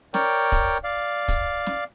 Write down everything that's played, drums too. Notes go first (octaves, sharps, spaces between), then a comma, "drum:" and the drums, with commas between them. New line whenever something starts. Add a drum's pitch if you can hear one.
A#4 C#5 D5 G5, drum: snare
drum: kick, hi-hat
D5 F5
drum: kick, hi-hat
drum: snare